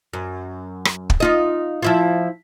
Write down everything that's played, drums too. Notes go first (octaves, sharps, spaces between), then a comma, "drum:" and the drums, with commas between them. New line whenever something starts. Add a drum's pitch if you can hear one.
F#2
drum: rim click
drum: kick
D#4 F4 D#5
F3 E4 F4